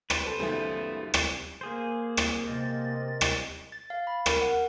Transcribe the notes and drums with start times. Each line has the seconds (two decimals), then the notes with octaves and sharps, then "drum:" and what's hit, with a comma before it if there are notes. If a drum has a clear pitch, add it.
0.10 B4 C5, drum: rim click
0.27 A4
0.39 C#2 F#2 D#3 G3 A3 B3
1.14 drum: rim click
1.61 A#3 G#4 C5
2.17 drum: rim click
2.46 C3 A#4 D#5 A6
3.21 drum: rim click
3.72 A6
3.90 F5
4.07 B5
4.26 A#4, drum: rim click
4.41 F#5